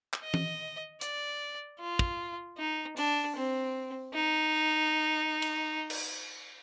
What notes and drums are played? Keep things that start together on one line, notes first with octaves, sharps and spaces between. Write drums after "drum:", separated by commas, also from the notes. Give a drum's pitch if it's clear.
drum: clap
D#5
drum: tom E3
D5, drum: hi-hat
F4
drum: kick
D#4
D4, drum: open hi-hat
C4
D#4
drum: cymbal
drum: cymbal